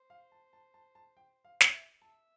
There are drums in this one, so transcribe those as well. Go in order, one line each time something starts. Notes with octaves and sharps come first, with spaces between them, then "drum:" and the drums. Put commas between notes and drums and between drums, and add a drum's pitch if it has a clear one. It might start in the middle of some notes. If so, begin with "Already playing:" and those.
Already playing: C5
F5
A5
A5
A5
A5
G5
F5
drum: snare
E5
E5 A5